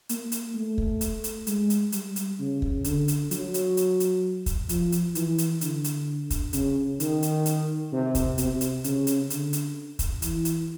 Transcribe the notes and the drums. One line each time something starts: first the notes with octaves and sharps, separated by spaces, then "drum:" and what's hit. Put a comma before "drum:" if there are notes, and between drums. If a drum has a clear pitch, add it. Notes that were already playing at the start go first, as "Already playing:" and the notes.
A#3, drum: hi-hat
drum: hi-hat
A3
drum: kick
drum: hi-hat
drum: hi-hat
G#3, drum: hi-hat
drum: hi-hat
G3, drum: hi-hat
drum: hi-hat
C#3
drum: kick
D3, drum: hi-hat
drum: hi-hat
F#3, drum: hi-hat
drum: hi-hat
drum: hi-hat
drum: hi-hat
drum: kick, hi-hat
F3, drum: hi-hat
drum: hi-hat
E3, drum: hi-hat
drum: hi-hat
D3, drum: hi-hat
drum: hi-hat
drum: kick, hi-hat
C#3, drum: hi-hat
D#3, drum: hi-hat
drum: hi-hat
drum: hi-hat
C3
drum: kick, hi-hat
C3, drum: hi-hat
drum: hi-hat
C#3, drum: hi-hat
drum: hi-hat
D3, drum: hi-hat
drum: hi-hat
drum: kick, hi-hat
E3, drum: hi-hat
drum: hi-hat